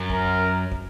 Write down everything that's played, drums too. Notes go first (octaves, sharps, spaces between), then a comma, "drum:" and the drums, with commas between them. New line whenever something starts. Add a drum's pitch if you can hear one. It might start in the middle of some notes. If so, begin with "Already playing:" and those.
Already playing: F#2
A#4, drum: kick
drum: kick